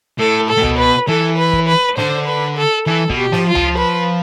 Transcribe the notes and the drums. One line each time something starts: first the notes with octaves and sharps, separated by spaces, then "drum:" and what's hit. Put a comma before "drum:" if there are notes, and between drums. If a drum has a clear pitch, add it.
A2 A4
A4
A2
B2, drum: tom C#2
B4
E3 A4
B4
drum: kick
B4
D3 C5, drum: snare
B4
A4
E3 A4
B2, drum: kick
G4
F3, drum: snare
F4
F3, drum: tom C#2
B4